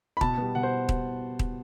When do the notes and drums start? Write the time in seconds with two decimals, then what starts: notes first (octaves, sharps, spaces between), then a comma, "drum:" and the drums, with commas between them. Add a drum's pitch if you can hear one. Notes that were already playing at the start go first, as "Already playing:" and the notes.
0.17 B5
0.21 B2 A5, drum: kick D#1
0.38 G3 B3
0.55 B2 F#5
0.63 C5
0.89 drum: kick D#1
1.39 drum: kick D#1